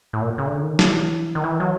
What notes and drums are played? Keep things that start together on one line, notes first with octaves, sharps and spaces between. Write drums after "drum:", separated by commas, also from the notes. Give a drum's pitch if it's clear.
A2
A#2
C#3
D3
D#3
E3, drum: snare
D#3
E3
F#3